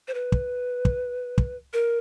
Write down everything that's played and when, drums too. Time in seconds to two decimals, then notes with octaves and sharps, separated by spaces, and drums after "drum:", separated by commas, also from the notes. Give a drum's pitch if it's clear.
0.08 C5
0.14 B4
0.32 drum: kick
0.85 drum: kick
1.38 drum: kick
1.73 A#4